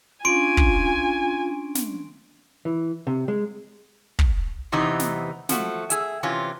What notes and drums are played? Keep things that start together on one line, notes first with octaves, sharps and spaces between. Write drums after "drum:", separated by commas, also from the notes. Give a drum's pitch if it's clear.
C#4 D4 F4 G#5 C6 D7
drum: kick
drum: snare
E3
C3
G#3
drum: kick
E2 C3 E3 B3 D#4
drum: snare
F3 A3 F#4, drum: snare
G#4 E5, drum: hi-hat
C3 E3 C#4 F4